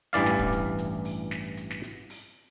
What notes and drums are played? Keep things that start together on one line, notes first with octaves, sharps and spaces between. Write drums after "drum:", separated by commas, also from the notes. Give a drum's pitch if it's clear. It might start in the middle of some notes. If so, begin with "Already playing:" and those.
A1 G2 E3 D5 F5
drum: snare
drum: kick
drum: hi-hat
drum: hi-hat
drum: open hi-hat
drum: snare
drum: hi-hat
drum: snare
drum: hi-hat
drum: open hi-hat